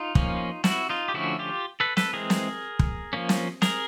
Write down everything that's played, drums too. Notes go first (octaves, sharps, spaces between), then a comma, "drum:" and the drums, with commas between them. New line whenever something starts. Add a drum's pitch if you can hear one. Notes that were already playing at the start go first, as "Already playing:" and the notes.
Already playing: D#4 F4
F3 A#3 C#4, drum: kick
E4 F#4, drum: snare
D#4 F4
G4
D3 F3 A3 C#4 E4 F#4
F4 G4
A4 B4
A4 B4, drum: snare
E3 G#3 C4 G#4 A#4
drum: snare
drum: kick
F3 A#3 C#4
drum: snare
G#4 A#4, drum: snare